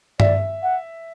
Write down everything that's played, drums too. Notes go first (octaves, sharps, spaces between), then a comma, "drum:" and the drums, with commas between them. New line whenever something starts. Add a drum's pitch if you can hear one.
D5 E5, drum: tom G2
F#5